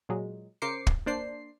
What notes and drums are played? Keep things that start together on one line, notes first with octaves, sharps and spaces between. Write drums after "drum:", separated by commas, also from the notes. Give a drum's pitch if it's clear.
A#2 F#3 G#3
C#3 A#4 C5 D6 C7 C#7
drum: kick
A#3 D4 C5 D5 C7